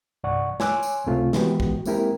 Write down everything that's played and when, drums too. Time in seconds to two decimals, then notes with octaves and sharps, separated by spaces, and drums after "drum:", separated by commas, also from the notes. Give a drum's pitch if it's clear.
0.24 C2 G2 D5 F#5 C#6
0.60 C#5 G#5 C6 D6 E6 F#6, drum: snare
0.83 drum: tambourine
1.06 C#2 C3 A3 C4 F4
1.33 D#3 E3 G#3 B3 F#4 G4, drum: snare
1.60 drum: kick
1.85 G#3 A#3 C4 E4 G4 A#4, drum: tambourine